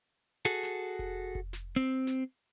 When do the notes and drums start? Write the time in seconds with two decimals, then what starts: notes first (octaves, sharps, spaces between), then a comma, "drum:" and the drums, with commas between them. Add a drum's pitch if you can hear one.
0.45 F#4 G#4 A4
0.63 drum: snare
0.99 drum: kick F1, hi-hat
1.35 drum: kick F1
1.53 drum: snare
1.76 C4
2.07 drum: snare